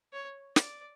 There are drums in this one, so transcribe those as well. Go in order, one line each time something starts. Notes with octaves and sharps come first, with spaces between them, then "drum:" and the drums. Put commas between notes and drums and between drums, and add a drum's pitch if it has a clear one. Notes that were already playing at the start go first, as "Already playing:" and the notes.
C#5
D5, drum: snare